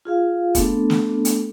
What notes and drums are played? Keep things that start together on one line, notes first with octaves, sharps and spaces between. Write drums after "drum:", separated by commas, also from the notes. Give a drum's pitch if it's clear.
F4 G#4 F5
A3 B3 C4 D4 A4, drum: kick F1, hi-hat
drum: snare
drum: hi-hat